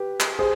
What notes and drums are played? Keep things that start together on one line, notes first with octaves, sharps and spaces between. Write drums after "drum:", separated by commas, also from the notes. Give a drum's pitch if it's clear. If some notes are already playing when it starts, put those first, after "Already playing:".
Already playing: G4 B4
drum: clap
G#4 C5